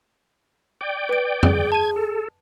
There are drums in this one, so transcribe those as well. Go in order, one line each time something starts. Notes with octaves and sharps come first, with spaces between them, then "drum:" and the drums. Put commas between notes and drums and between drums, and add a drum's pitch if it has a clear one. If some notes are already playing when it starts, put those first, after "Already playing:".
D5 G5
B4 D7
G#4, drum: tom F2
A5 G#6 D#7
A4